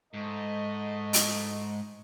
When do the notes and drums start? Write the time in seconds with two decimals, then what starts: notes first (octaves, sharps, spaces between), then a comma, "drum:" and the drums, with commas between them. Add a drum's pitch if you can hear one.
0.14 G#2 A3 D#5
1.13 drum: hi-hat